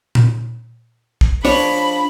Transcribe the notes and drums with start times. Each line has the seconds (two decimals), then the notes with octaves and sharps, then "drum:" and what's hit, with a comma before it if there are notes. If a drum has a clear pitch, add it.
0.15 drum: tom A#2
1.21 drum: kick
1.45 F3 D4 C#5 B5, drum: open hi-hat